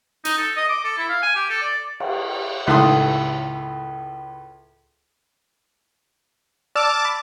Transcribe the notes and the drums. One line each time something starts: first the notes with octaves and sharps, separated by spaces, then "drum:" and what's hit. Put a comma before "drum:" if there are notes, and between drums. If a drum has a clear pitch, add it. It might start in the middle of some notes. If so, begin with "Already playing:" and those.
D#4, drum: hi-hat
A4
D#5
D6
A4
E4
F5
G#5
G4
A4
D5
drum: cymbal
C#2 A2 D#3 A4 C6 D#6
D5 A5 D6 E6 F6
B5